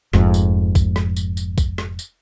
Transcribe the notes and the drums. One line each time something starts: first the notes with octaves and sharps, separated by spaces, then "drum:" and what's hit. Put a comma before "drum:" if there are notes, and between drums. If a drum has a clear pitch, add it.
F1 F2 G#2, drum: rim click
drum: tambourine
drum: kick A#1, tambourine
drum: rim click
drum: tambourine
drum: tambourine
drum: kick A#1, tambourine
drum: rim click
drum: tambourine